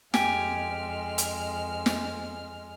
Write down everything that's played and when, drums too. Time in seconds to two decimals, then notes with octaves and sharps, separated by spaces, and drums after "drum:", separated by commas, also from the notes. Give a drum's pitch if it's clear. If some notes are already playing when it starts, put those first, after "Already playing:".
0.14 F2 G#3 G4 G#5 F6, drum: snare
1.18 drum: hi-hat
1.86 drum: snare